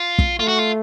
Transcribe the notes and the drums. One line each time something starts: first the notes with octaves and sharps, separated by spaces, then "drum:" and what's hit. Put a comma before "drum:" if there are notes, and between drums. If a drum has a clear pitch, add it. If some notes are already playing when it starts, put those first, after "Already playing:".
Already playing: F4
drum: kick
A3 F4
F#4
F4